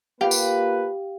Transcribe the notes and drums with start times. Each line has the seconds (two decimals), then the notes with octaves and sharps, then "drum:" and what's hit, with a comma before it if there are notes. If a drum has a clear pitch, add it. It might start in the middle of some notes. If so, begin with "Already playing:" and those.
0.21 A#3 F4 G4 B4 F5 G5
0.31 drum: tambourine